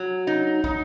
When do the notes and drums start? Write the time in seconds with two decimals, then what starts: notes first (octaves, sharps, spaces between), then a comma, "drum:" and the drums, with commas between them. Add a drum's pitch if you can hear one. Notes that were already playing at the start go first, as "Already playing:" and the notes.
Already playing: F#3
0.27 D#4
0.64 D#4, drum: kick